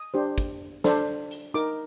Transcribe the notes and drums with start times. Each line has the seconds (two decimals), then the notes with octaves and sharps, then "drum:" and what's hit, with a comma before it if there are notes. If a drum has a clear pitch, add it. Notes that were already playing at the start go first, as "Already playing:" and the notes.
Already playing: D#6
0.14 D4 G4 C5
0.38 drum: kick, hi-hat
0.84 D4 A4 C5, drum: snare
1.31 drum: hi-hat
1.54 D#4 A#4 D6